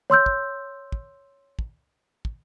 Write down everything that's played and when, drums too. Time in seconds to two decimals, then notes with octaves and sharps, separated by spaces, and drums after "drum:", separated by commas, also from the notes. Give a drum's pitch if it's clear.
0.10 C#5 C6 E6 G6
0.26 drum: kick
0.92 drum: kick
1.59 drum: kick
2.25 drum: kick